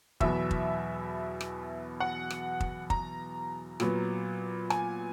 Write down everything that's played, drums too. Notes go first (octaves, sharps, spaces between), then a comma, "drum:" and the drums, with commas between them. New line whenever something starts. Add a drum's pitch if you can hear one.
E2 B2 F#3 B3 E5, drum: kick
drum: kick
drum: rim click
F#5
drum: rim click
drum: kick
A#5, drum: kick
A#2 F#3 B3, drum: rim click
G#5, drum: rim click